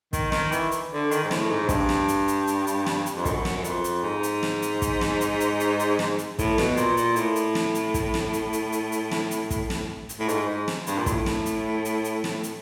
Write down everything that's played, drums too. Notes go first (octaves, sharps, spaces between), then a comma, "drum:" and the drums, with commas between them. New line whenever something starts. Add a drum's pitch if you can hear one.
D#3, drum: kick, hi-hat
D#3, drum: snare
E3, drum: hi-hat
drum: hi-hat
D3
D#3, drum: hi-hat
G#2
A2, drum: snare
G#2
G2, drum: kick, hi-hat
drum: snare
drum: hi-hat
drum: hi-hat
drum: hi-hat
drum: hi-hat
drum: snare
drum: hi-hat
F2
F#2, drum: kick, hi-hat
drum: snare
F#2
F2, drum: hi-hat
drum: hi-hat
G#2
drum: hi-hat
drum: snare
drum: hi-hat
drum: kick, hi-hat
drum: snare
drum: hi-hat
drum: hi-hat
drum: hi-hat
drum: hi-hat
drum: snare
drum: hi-hat
A2, drum: kick, hi-hat
B2, drum: snare
A#2, drum: hi-hat
A#2, drum: hi-hat
A2, drum: hi-hat
drum: hi-hat
drum: snare
drum: hi-hat
drum: kick, hi-hat
drum: snare
drum: hi-hat
drum: hi-hat
drum: hi-hat
drum: hi-hat
drum: snare
drum: hi-hat
drum: kick, hi-hat
drum: snare
drum: hi-hat
A2
G#2, drum: hi-hat
G#2
drum: snare
G2, drum: hi-hat
A#2
A2, drum: kick, hi-hat
drum: snare
drum: hi-hat
drum: hi-hat
drum: hi-hat
drum: snare
drum: hi-hat